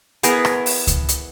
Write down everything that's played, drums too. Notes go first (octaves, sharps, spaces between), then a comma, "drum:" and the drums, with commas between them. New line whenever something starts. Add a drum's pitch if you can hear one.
B3 E4 G#4 A#4, drum: hi-hat
drum: rim click
drum: open hi-hat
drum: kick C#2, hi-hat
drum: hi-hat